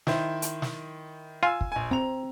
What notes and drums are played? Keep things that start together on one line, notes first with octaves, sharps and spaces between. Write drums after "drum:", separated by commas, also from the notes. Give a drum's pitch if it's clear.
D#3 E4 C5, drum: snare
drum: hi-hat
drum: snare
F4 G#5 E6
drum: kick
A#1 G#5
C4 A#5 F7